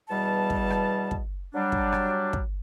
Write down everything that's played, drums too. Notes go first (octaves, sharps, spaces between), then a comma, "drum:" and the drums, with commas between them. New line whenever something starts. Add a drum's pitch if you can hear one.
E2 B2 G3 A5
drum: kick
drum: rim click
drum: kick
F#3 G3 D4
drum: kick
drum: rim click
drum: kick